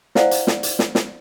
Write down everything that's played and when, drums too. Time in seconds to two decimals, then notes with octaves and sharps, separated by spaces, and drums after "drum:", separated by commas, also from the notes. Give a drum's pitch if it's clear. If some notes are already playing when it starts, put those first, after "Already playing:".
0.15 E4 C5 D5 F5 F#5, drum: snare
0.31 drum: hi-hat
0.47 drum: snare
0.63 drum: hi-hat
0.79 drum: snare
0.95 drum: snare